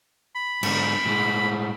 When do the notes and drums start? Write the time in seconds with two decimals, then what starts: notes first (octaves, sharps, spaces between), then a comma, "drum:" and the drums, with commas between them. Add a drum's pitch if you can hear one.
0.36 B5
0.63 G#2 D3, drum: cymbal
1.06 A2 G#3